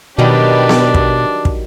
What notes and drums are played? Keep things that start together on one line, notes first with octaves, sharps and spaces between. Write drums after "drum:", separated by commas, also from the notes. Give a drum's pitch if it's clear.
B2 D#3 F#3 G3 D4 G4 B4 D5
drum: snare B3
drum: kick
drum: kick